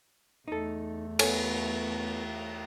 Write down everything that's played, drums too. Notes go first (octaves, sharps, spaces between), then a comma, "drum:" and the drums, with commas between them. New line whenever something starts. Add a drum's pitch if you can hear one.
E2 A3 D#4 A4
B3 A4 C#5 G#5, drum: cymbal